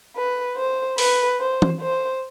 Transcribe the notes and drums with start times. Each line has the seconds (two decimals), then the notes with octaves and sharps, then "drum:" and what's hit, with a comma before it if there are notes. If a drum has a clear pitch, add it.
0.16 B4
0.57 C5
0.98 B4, drum: open hi-hat
1.40 C5
1.62 drum: tom E3
1.81 C5